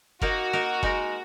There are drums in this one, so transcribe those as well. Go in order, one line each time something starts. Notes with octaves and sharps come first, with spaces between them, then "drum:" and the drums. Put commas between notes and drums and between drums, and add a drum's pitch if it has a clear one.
A#3 D#4 F#4 A#4, drum: kick F#1
A#3 D#4 A#4
G#3 D#4 A#4, drum: kick F#1